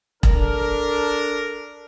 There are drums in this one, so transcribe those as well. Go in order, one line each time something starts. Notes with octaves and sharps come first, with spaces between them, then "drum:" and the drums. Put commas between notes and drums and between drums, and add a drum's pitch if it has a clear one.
D4 A4 A#4, drum: kick E1